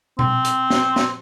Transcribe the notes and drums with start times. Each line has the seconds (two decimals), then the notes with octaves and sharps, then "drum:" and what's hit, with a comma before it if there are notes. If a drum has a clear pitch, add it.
0.19 C4, drum: tom B2
0.45 drum: hi-hat
0.70 drum: snare
0.96 drum: snare